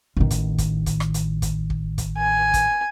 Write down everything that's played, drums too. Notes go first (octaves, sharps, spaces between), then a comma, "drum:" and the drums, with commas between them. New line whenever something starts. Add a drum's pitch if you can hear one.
A1 D#3
drum: kick, hi-hat
drum: kick, hi-hat
drum: kick, hi-hat
drum: rim click
drum: hi-hat
drum: kick, hi-hat
drum: kick
drum: kick, hi-hat
G#5
drum: kick, hi-hat